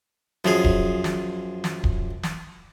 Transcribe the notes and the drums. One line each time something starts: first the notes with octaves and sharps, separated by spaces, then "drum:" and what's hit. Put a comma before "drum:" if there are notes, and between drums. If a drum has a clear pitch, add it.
F#2 F3 G#4, drum: snare
drum: kick D1
drum: snare
drum: snare
drum: kick D1
drum: snare